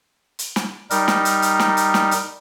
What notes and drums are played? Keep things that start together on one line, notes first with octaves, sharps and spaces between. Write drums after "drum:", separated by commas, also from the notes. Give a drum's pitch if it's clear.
drum: hi-hat
drum: snare
G3 D#4 A#4, drum: hi-hat
drum: snare
drum: hi-hat
drum: hi-hat
drum: snare
drum: hi-hat
drum: snare
drum: hi-hat